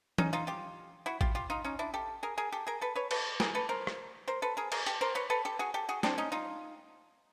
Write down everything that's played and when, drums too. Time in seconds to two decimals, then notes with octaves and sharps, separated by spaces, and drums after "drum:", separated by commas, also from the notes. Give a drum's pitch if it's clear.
0.18 C#4 D#4, drum: tom E3
0.33 D#4 F4
0.47 F4 G4
1.06 E4 F#4
1.21 F4 G4, drum: kick A1
1.35 F4 G4
1.50 D#4 F4
1.64 C#4 D#4
1.79 D4 E4
1.94 G4 A4
2.23 G#4 A#4
2.37 G#4 A#4
2.52 G4 A4
2.67 G#4 A#4
2.81 A4 B4
2.95 B4 C#5
3.11 A4 B4, drum: cymbal
3.40 G#4 A#4, drum: snare
3.55 A4 B4
3.69 A#4 C5
3.87 drum: rim click
4.28 A#4 C5
4.42 A4 B4
4.57 G#4 A#4
4.72 G#4 A#4, drum: cymbal
4.86 G4 A4, drum: hi-hat
5.01 A#4 C5
5.15 B4 C#5
5.30 A4 B4
5.45 G4 A4
5.59 F#4 G#4
5.74 G4 A4
5.89 F#4 G#4
6.03 C4 D4, drum: snare
6.18 C#4 D#4
6.32 D#4 F4